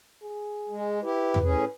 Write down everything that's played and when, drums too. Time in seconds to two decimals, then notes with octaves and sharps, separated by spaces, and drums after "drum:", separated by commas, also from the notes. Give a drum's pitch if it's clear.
0.23 G#4
0.69 G#3
1.03 E4 G4 B4
1.34 drum: tom
1.44 A2 C#4 G#4